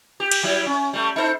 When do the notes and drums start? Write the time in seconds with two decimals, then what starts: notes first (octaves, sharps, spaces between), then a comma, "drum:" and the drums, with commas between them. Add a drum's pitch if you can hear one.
0.20 G4
0.31 drum: cymbal
0.43 F#3 G3 E4
0.66 C#4
0.93 G3 A3
1.16 D#4 A4 C5